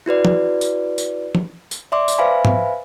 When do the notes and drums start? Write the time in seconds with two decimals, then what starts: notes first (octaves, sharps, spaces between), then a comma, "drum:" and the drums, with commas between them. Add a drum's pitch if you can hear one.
0.06 E4 F#4 B4 D5
0.25 drum: tom
0.61 drum: tambourine
0.98 drum: tambourine
1.35 drum: tom
1.71 drum: tambourine
1.92 D5 E5 C6 D6
2.08 drum: tambourine
2.18 B4 C5 E5 F5 G#5 B5
2.45 drum: tom G#2